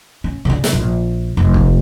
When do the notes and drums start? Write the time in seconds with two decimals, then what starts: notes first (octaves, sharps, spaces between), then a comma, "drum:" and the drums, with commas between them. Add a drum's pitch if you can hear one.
0.24 C#4
0.45 C#3 D4
0.64 drum: snare
0.73 A#1
1.37 F1
1.54 drum: kick